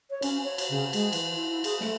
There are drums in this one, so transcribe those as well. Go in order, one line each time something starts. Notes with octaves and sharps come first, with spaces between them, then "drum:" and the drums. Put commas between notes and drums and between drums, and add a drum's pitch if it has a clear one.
C#5
C#4, drum: cymbal
C#5
drum: cymbal
C#3
G#3, drum: cymbal
E3, drum: cymbal
E4
E4
G#4, drum: cymbal
A3, drum: snare